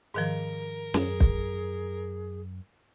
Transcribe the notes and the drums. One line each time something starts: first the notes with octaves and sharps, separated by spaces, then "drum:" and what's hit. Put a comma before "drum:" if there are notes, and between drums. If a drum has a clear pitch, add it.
G#2 D#3 F3 A#4
F#2 G#4, drum: snare
drum: kick